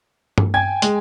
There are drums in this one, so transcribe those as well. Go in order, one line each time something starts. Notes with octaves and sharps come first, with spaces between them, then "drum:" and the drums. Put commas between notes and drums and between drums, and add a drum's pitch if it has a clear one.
drum: tom G2
G5 G#5 G#6
G#3, drum: hi-hat